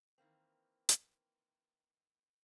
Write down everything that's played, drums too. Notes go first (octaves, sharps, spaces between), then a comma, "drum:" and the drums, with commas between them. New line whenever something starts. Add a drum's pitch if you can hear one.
D#3 E3 A#3 C4
drum: hi-hat